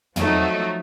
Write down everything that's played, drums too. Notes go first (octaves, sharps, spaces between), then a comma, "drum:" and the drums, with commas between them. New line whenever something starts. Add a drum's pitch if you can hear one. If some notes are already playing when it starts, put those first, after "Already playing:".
F3 F#3 A3 C4 D#4 F#4, drum: tom